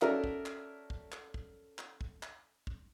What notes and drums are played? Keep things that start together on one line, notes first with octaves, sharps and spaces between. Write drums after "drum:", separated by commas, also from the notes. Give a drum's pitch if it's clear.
C#4 F#4 A4 A#4 D5 E5, drum: clap
drum: kick
drum: clap
drum: kick
drum: clap
drum: kick
drum: clap
drum: kick
drum: clap
drum: kick